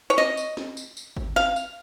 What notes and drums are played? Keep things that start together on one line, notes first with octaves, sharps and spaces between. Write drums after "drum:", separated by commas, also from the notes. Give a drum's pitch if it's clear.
C#5
D#5, drum: snare
drum: tambourine
drum: snare
drum: tambourine
drum: tambourine
drum: kick G1
F5, drum: snare
drum: tambourine